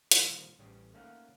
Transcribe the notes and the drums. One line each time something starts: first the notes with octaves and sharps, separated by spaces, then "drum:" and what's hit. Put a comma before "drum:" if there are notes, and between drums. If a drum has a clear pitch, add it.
A#2 D3 D#3 F3 G3, drum: hi-hat
A1 G3 C#4 G4 G#4
A3 A#3 C#4 D#4 F5 F#5